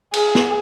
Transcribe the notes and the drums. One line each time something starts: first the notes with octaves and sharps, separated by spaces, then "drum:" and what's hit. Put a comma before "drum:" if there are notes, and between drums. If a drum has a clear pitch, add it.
G#4, drum: cymbal
drum: snare